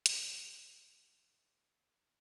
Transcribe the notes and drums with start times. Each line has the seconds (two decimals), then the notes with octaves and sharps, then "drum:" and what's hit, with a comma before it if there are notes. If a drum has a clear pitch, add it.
0.06 C#6, drum: hi-hat
0.37 E2 C#3 E3
0.60 E3 F3 C4 D4 D#4
1.30 E4 C#5
1.85 C#2 D#3